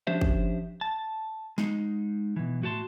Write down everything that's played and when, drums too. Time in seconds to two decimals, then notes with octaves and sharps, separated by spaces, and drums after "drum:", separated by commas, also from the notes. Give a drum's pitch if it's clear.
0.07 F3 C#4 D4 G4 C5 E5
0.21 drum: kick
0.81 A5
1.58 G#3 D#4, drum: snare
2.36 B2 E3
2.62 A2 F#4 G4 A5 C6